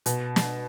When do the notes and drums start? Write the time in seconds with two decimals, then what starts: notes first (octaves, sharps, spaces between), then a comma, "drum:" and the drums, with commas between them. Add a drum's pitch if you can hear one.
0.06 B2, drum: hi-hat
0.36 drum: snare